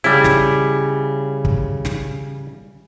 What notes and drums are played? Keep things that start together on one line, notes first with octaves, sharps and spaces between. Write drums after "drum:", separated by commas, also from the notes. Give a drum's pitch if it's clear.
C#3 G3 E4
drum: snare
drum: kick
drum: snare